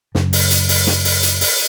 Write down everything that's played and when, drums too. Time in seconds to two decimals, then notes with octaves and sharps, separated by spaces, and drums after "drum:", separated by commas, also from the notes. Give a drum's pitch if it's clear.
0.15 F#2 C#3, drum: snare
0.33 drum: open hi-hat
0.51 drum: hi-hat
0.69 drum: open hi-hat
0.87 drum: snare
1.05 drum: open hi-hat
1.23 drum: hi-hat
1.41 drum: open hi-hat